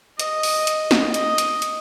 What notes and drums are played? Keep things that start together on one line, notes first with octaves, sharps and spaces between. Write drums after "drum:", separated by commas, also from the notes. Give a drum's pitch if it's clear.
D#5, drum: hi-hat
drum: open hi-hat
drum: hi-hat
drum: snare
D#5, drum: hi-hat
drum: hi-hat
drum: hi-hat